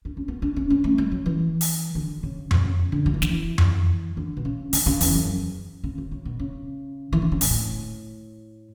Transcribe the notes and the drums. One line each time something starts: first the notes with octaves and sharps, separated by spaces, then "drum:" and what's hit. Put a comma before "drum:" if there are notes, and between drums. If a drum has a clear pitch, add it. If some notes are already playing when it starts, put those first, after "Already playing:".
D4
C#4
B3
D4
C#4
C#4
A3
G#3
F#3
E3
drum: open hi-hat
D3
C#3
B2, drum: tom F2
C#3
D3
F#3
E3
D3, drum: snare
E3
drum: tom F2
D3
B2
C#3
D3, drum: open hi-hat
C#3
E2, drum: open hi-hat
F#2
C#3
C#3
C#3
B2
C#3
E3
D3
C#3
B2, drum: open hi-hat
A2